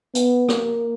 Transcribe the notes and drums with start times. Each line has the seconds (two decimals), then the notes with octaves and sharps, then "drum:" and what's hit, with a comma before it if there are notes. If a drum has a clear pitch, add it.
0.15 B3, drum: hi-hat
0.49 A#3, drum: rim click